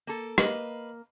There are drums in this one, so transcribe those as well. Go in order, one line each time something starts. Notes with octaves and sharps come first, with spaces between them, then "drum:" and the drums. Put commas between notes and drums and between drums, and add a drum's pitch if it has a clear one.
A#3 A4
A#3 B4 D#5, drum: rim click